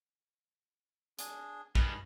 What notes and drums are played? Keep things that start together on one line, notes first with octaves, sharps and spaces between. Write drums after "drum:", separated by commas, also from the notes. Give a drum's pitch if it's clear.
D4 G#4, drum: hi-hat
G2 D#5 G#5 B5, drum: kick